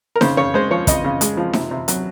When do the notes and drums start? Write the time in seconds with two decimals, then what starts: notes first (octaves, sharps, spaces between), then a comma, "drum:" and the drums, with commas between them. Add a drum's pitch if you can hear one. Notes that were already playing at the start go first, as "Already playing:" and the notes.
0.16 A#4
0.21 C#3 C5, drum: snare D#4
0.37 C#3 C#5
0.54 G#3 C5
0.71 F3 C#5
0.87 C#3 D#5, drum: kick, hi-hat
1.04 C#3
1.21 G#3, drum: hi-hat
1.37 F3
1.53 C3, drum: snare D#4
1.71 C3
1.88 F#3, drum: hi-hat